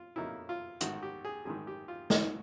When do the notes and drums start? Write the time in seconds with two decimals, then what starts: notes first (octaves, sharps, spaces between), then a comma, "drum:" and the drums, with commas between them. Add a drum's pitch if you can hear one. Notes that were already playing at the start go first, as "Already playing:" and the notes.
Already playing: F4
0.16 F2 C#3 F#3 A#3 D#4 E4
0.49 F4
0.81 A1 G#2 D#3 F#4, drum: hi-hat
1.03 G4
1.25 G#4
1.45 A1 G#2 D#3 G#4
1.67 G4
1.88 F4
2.10 D#2 C#3 F3 G#3 C#4 F#4, drum: snare